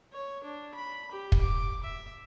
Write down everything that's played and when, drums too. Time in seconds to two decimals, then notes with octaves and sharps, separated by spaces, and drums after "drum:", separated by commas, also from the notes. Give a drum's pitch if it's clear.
0.12 C#5
0.44 D4
0.74 B5
1.12 G4
1.32 drum: kick
1.41 D6
1.84 E5